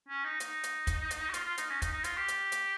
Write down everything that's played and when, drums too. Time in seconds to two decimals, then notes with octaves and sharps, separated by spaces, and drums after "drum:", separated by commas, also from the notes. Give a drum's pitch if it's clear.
0.09 C#4
0.24 D#4
0.40 D#4, drum: hi-hat
0.63 drum: hi-hat
0.87 drum: kick, hi-hat
1.11 drum: hi-hat
1.29 G4
1.34 F4, drum: hi-hat
1.45 F4
1.58 D#4, drum: hi-hat
1.70 C#4
1.82 D#4, drum: kick, hi-hat
1.92 D#4
2.04 F4, drum: hi-hat
2.17 G4
2.28 drum: hi-hat
2.52 drum: hi-hat